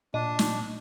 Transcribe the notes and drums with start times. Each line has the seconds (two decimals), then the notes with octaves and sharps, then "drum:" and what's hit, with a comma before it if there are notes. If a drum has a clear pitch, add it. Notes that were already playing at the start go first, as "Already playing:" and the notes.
0.14 A#2 D4 D#5
0.39 drum: snare